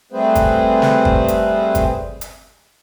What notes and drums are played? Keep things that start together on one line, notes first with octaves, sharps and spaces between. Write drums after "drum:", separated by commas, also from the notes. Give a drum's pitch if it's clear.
G3 A3 C4 G#4 B4 C5
drum: kick, hi-hat
drum: snare
drum: kick
drum: hi-hat
drum: kick, hi-hat
drum: hi-hat